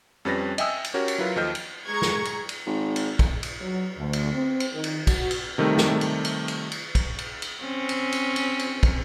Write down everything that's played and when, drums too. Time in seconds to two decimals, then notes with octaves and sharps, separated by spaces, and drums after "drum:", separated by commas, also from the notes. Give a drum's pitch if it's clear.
0.25 F2 G3 C#4 B4 A6 A#6
0.58 D#5 E5 G5 G#5 D#6 E6, drum: cymbal
0.84 drum: cymbal
0.94 C#4 F#4 G4 A#4 C#5
1.08 drum: cymbal
1.18 F#3 E4 F4 A#4 B4
1.36 D#2 F3 A4 D#5 F6 G6
1.55 drum: cymbal
1.86 G#3 G#4 A#5 C#6 G#6
2.02 drum: snare
2.25 drum: cymbal
2.49 drum: cymbal
2.66 G#1
2.96 drum: cymbal
3.19 drum: kick, cymbal
3.43 drum: cymbal
3.61 F#3
3.98 D2
4.13 drum: cymbal
4.34 C4
4.60 drum: cymbal
4.73 D#3
4.84 drum: cymbal
5.07 F#4, drum: kick, cymbal
5.31 drum: cymbal
5.58 C3 D#3 G3 A3
5.78 drum: snare
6.01 drum: cymbal
6.25 drum: cymbal
6.48 drum: cymbal
6.72 drum: cymbal
6.95 drum: kick, cymbal
7.19 drum: cymbal
7.42 drum: cymbal
7.62 C4 C#4
7.89 drum: cymbal
8.12 drum: cymbal
8.36 drum: cymbal
8.59 drum: cymbal
8.83 drum: kick, cymbal